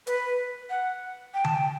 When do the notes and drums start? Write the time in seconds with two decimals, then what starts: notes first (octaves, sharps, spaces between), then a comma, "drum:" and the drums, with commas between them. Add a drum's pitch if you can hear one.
0.07 B4, drum: hi-hat
0.70 F#5
1.34 G5
1.44 A5, drum: tom D3
1.55 G5